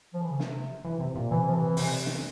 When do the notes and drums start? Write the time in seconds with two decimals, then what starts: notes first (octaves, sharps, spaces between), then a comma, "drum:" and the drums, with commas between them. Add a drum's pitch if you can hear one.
0.14 F3
0.22 E3
0.30 C#3
0.39 C3, drum: snare
0.85 E3
1.00 C3
1.16 A#2
1.31 C3 E3
1.47 F3
1.55 E3
1.77 C3, drum: open hi-hat
2.06 drum: snare